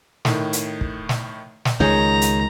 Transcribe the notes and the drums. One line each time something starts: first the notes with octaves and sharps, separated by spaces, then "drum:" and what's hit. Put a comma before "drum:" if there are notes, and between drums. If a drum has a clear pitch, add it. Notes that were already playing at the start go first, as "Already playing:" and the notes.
A2 D#3, drum: snare
drum: hi-hat
drum: kick
drum: snare
drum: snare
C#2 D#3 G#4 C#5 A#5 G6
drum: hi-hat